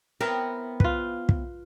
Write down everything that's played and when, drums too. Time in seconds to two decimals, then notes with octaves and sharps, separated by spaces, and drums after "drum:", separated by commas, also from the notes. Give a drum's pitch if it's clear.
0.21 B3 C4 E4 A#4
0.80 F4 B4, drum: kick
1.29 drum: kick